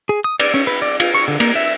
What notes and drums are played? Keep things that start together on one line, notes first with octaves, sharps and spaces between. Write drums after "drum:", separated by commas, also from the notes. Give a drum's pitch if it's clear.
G#4
D#6
D5, drum: cymbal
C#4
B4
D5
F4, drum: cymbal
C#6
D3
A#3, drum: cymbal
E5